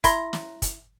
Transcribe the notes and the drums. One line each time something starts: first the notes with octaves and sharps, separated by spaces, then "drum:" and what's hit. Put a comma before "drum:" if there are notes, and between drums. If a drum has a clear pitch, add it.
E4 A#5 C6, drum: kick, hi-hat
drum: snare
drum: kick, hi-hat